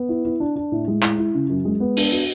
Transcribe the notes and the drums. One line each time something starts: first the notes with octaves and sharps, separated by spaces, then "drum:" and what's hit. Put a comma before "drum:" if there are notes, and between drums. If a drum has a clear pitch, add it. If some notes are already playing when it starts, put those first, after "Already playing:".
Already playing: B3
E4
E4
D4
D4
A2
G#3
E4, drum: clap
E4
C#3
F#2
G#3
B3
D4, drum: open hi-hat
F#4